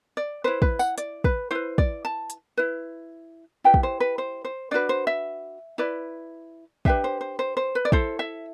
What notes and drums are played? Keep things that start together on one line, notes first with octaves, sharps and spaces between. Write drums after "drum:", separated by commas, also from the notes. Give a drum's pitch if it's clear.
D5
E4 B4 C5
B4, drum: kick
F#5, drum: tambourine
D5, drum: hi-hat
B4, drum: kick
E4 B4 C5
D5, drum: kick
A5
drum: hi-hat
E4 B4
E4 G4 B4 G5
drum: kick
C5
B4
C5
C5
D4 F#4 B4 D5
C5
E5
E4 B4 D5
D4 G4 B4 E5, drum: kick
C5
C5
C5
C5
B4
D5
E4 A4 C5, drum: kick
E5